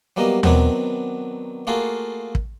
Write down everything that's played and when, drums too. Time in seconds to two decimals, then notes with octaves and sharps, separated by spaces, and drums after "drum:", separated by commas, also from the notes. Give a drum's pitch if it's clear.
0.16 F#3 G3 A#3 B3 D#5
0.43 D#3 F#3 B3 C4 D4 E4, drum: tom D#2
1.67 A3 A#3 F4 F#4 G#4 A4
2.35 drum: kick